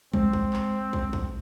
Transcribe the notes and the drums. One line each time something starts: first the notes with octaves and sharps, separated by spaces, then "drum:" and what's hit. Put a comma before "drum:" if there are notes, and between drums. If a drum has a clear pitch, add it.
G#3 C4, drum: kick
drum: kick
drum: clap
drum: kick
drum: kick